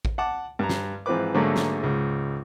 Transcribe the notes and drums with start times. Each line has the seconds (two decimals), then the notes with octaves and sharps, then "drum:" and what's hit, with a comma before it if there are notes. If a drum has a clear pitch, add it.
0.05 drum: kick A1
0.18 F#5 A5 D6
0.59 G2 A#5
0.69 drum: snare
1.06 G#2 E3 F3 C4 B4 D6
1.34 G#2 D3 F#3 A3 A#3
1.56 drum: snare
1.83 C#2 G#2